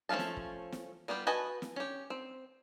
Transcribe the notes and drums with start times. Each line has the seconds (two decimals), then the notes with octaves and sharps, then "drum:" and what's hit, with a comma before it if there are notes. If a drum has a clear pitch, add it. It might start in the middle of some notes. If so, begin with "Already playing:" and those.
0.09 F3 A3 C#4 F5 A5
0.19 drum: snare
0.37 drum: kick
0.72 drum: snare
1.08 G3 B3 F4 G4
1.27 F#4 B4 D#5 G#5 A5
1.62 drum: snare
1.76 C#4 G4
2.10 C4